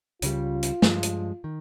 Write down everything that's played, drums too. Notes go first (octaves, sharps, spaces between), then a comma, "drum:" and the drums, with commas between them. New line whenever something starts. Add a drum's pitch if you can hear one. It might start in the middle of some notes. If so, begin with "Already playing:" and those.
C#2 C#3 G3 F4, drum: hi-hat
drum: hi-hat
G2 F3 G#3, drum: snare
drum: hi-hat
D#3